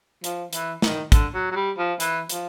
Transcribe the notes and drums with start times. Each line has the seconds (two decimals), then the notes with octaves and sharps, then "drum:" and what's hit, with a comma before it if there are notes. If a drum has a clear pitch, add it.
0.24 F3, drum: hi-hat
0.53 E3, drum: hi-hat
0.82 D#3, drum: snare
1.12 D3, drum: kick, hi-hat
1.34 F#3
1.51 F#3
1.56 G3
1.78 F3
2.00 E3, drum: hi-hat
2.29 F3, drum: hi-hat